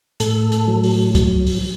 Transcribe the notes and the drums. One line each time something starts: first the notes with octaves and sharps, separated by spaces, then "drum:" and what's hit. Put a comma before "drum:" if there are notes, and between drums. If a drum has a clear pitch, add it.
A2 A4, drum: hi-hat
drum: hi-hat
F#3
drum: open hi-hat
F#3, drum: kick C2, hi-hat
drum: open hi-hat